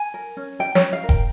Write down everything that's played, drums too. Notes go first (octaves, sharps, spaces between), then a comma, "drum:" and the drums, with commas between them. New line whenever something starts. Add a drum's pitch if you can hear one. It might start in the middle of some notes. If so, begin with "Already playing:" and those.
Already playing: G#5
A#4
C#4
G4 G5
C#5, drum: snare
C#4
F5
A#4
G5, drum: kick E1